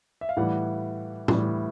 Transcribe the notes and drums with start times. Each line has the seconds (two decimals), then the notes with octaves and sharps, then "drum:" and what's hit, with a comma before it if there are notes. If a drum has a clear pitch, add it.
0.21 E5
0.29 F5
0.37 A2 E3 G3 F#5
1.28 A2 E3 G3, drum: tom A2